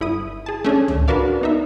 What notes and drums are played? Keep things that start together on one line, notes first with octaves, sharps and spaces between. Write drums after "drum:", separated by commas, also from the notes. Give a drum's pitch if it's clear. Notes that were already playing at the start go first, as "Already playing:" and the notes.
G1 E4 B5 D#6
G#4 A5
A3 C#4 D4 G#4
drum: tom C#2
D4 F#4 A#4 B4 D5 F5
B3 D#4 E5